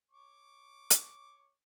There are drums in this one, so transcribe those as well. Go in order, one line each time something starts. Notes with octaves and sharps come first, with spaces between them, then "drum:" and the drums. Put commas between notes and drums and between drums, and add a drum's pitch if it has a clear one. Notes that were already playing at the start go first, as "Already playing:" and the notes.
C#5 C#6 D6
drum: hi-hat